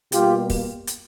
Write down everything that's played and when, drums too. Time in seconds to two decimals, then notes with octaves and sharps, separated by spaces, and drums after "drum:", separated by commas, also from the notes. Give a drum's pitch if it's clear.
0.12 B2 G3 A#3 F4 G4, drum: hi-hat
0.50 drum: kick, open hi-hat
0.87 drum: hi-hat